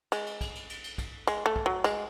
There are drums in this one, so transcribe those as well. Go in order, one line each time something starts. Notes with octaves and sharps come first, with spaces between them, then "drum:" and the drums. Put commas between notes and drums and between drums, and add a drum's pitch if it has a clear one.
G#3, drum: cymbal
drum: cymbal
drum: kick, cymbal
drum: cymbal
drum: cymbal
drum: cymbal
drum: kick, cymbal
G#3, drum: cymbal
A3
drum: kick
F#3
G#3, drum: cymbal